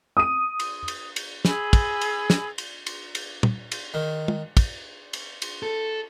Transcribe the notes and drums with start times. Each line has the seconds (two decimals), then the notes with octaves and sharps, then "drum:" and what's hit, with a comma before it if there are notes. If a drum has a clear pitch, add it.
0.17 D#6 D#7
0.60 drum: cymbal
0.88 drum: cymbal
1.16 drum: cymbal
1.45 G#4 G#5 B5 E6, drum: snare
1.73 drum: kick, cymbal
2.01 drum: cymbal
2.30 drum: snare
2.58 drum: cymbal
2.86 drum: cymbal
3.15 drum: cymbal
3.43 drum: tom
3.72 drum: cymbal
3.94 D#3
4.28 drum: tom
4.57 drum: kick, cymbal
5.13 drum: cymbal
5.42 drum: cymbal
5.63 A4